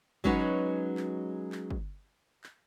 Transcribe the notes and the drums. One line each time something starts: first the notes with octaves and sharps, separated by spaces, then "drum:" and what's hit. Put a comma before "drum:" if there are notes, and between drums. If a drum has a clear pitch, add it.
F#3 G#3 C#4 D#4 F#4 B4, drum: kick
drum: clap
drum: clap
drum: kick
drum: clap